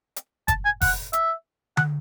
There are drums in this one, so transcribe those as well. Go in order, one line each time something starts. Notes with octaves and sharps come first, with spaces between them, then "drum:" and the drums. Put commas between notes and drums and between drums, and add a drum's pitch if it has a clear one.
drum: hi-hat
A5, drum: kick F#1, hi-hat
G#5
F#5, drum: kick F#1, open hi-hat
E5, drum: hi-hat
F#5, drum: tom D3